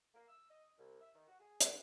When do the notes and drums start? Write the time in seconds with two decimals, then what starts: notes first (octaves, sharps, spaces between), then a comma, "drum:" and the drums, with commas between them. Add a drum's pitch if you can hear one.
0.14 A#3
0.28 E6
0.50 D#5
0.77 C2
1.00 E5
1.14 D#3
1.27 F#4
1.39 G#4
1.61 F#5, drum: hi-hat